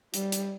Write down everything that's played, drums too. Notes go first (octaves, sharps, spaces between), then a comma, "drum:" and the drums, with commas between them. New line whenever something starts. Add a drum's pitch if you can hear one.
G3, drum: hi-hat
drum: hi-hat